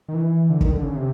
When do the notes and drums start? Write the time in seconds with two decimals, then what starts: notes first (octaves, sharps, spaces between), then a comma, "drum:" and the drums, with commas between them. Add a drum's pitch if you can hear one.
0.08 D#3
0.14 E3
0.50 D3
0.61 D#3, drum: kick
0.73 D3
0.83 C#3
0.96 C3